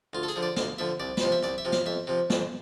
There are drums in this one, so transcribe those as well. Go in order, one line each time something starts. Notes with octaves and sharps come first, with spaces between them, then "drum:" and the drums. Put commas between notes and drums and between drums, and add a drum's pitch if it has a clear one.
D2 F4
A4
G#4, drum: hi-hat
D3 F3
D5
D2 F5, drum: snare
D3 F3 E5
C2 D5
B4, drum: snare
C3 F3 C5
E5
C2 D5, drum: hi-hat
E5
C3 F3
F5, drum: snare
F2 E5
C3 F3
F2, drum: snare